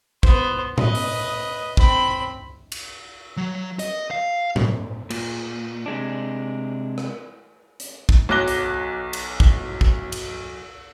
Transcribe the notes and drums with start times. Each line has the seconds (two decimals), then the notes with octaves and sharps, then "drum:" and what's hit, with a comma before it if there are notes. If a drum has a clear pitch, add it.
0.23 B3 C5, drum: kick
0.78 B4 D#5, drum: tom A2
0.95 drum: open hi-hat
1.77 C4 B5, drum: kick
2.72 drum: cymbal
3.37 F#3
3.79 D#5, drum: hi-hat
4.11 F5
4.56 B2, drum: tom A2
5.10 A#2, drum: cymbal
5.86 C3 G#3 D4
6.98 drum: rim click
7.80 drum: hi-hat
8.09 drum: kick
8.29 B1 F#3 D6 F#6 A#6 G7
8.48 drum: hi-hat
9.13 drum: cymbal
9.40 drum: kick
9.81 drum: kick
10.12 drum: cymbal